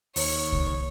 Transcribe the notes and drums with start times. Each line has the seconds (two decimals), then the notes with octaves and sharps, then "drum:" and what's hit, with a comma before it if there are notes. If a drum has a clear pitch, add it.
0.16 D#2 C#5, drum: open hi-hat
0.52 drum: kick C2